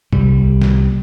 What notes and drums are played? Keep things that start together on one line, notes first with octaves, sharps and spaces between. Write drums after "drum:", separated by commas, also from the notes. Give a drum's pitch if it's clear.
C2 G3, drum: kick A1
drum: snare